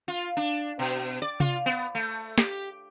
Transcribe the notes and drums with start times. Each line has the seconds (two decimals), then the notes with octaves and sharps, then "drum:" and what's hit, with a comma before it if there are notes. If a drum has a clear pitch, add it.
0.08 F4
0.37 D4
0.79 B2
1.22 D5
1.40 F4, drum: tom C3
1.66 B3
1.95 A3
2.38 G4, drum: snare